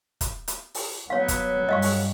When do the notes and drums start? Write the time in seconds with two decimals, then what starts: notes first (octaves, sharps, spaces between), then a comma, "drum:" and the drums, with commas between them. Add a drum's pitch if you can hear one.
0.21 drum: kick, hi-hat
0.48 drum: hi-hat
0.74 drum: open hi-hat
1.10 F#3 B3 C#5 F5
1.28 drum: kick, hi-hat
1.69 G2 D#5 F5 C#6
1.82 drum: open hi-hat